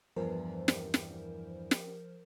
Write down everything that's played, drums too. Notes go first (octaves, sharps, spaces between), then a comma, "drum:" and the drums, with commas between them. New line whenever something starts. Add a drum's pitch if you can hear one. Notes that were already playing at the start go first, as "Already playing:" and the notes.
E2 G2 F3 A#4 C5
drum: snare
drum: snare
drum: snare